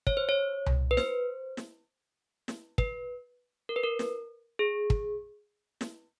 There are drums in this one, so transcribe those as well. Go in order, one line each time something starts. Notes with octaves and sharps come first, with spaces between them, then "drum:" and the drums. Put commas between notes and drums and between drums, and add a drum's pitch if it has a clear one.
C#5, drum: kick
C5
C#5
drum: tom C2
B4
C5, drum: snare
drum: snare
drum: snare
B4, drum: kick
A#4
B4
A#4
drum: snare
G#4
drum: kick
drum: snare